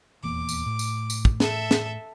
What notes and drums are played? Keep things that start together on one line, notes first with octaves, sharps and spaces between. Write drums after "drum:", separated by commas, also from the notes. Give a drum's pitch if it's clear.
D#1 E2 A#3 D6
drum: tambourine
A2
drum: tambourine
drum: tambourine
drum: kick
A4 E5, drum: snare
drum: snare